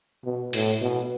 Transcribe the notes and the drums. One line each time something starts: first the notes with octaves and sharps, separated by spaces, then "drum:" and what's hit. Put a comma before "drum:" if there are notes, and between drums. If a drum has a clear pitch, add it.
B2
A2, drum: open hi-hat
B2